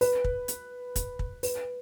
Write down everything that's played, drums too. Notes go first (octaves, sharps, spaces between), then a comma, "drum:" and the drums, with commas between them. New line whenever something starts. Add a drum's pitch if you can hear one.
B4, drum: open hi-hat
drum: kick
drum: hi-hat
drum: kick, hi-hat
drum: kick
B4, drum: open hi-hat